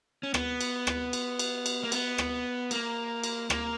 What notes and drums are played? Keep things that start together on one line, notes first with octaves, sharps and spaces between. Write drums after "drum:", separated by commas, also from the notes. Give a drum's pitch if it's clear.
C#4
B3, drum: rim click
drum: cymbal
drum: rim click
drum: cymbal
drum: cymbal
drum: cymbal
A#3
B3, drum: cymbal
drum: rim click
A#3, drum: cymbal
drum: cymbal
A#3, drum: rim click